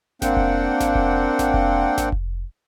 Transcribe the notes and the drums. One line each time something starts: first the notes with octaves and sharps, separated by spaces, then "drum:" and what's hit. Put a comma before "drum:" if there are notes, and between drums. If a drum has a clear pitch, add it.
A#3 C4 D4 F#5 G5, drum: snare G#1
drum: kick F1
drum: snare G#1
drum: kick F1
drum: snare G#1
drum: kick F1
drum: snare G#1
drum: kick F1